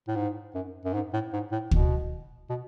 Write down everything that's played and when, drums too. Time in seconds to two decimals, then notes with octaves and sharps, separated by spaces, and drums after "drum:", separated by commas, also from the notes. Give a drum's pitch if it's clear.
0.08 A2
0.16 G#2
0.54 F#2
0.85 F#2
0.94 G#2
1.13 A2
1.33 G#2
1.52 A2
1.71 B2, drum: kick D2
2.50 B2